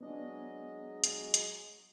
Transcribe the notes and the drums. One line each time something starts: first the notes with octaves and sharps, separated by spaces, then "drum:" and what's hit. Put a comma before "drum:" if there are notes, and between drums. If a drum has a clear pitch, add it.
F#3 G#3 B3 D4 D#5
drum: hi-hat
drum: hi-hat